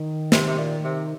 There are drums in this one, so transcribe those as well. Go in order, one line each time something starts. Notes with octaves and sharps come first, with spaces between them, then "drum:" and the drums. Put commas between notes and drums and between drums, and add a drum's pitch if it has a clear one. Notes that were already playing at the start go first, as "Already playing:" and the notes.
Already playing: D#3
C3, drum: snare
C3
A#2
C3